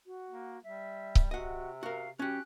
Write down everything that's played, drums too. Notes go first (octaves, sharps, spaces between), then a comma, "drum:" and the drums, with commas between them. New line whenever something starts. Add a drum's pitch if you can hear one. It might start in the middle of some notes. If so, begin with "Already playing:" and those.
F#4
A#3
G3 E5
drum: kick C#1
C3 F#4 D#5 F#5
F#4 A#4 F5
C#4 F#4 G4 F#6